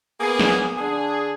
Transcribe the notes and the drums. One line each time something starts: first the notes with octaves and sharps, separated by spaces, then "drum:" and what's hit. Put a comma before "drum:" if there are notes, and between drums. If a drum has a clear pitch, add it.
A#3 B3 G#4
drum: snare
D3 D4 G#4